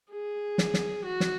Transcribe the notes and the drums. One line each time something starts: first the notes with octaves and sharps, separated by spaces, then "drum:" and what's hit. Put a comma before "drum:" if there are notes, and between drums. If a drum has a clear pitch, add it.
G#4
drum: snare
drum: snare
F#4
drum: snare